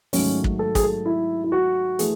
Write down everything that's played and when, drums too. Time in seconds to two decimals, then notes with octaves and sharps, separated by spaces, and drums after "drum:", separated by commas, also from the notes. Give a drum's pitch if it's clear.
0.13 G#2 D#3 F#3 A3 C#4, drum: open hi-hat
0.44 drum: kick
0.59 A4
0.75 G#4, drum: kick, hi-hat
0.83 A4
1.06 E4
1.44 E4
1.52 F#4
1.99 E3 A3 G#4, drum: hi-hat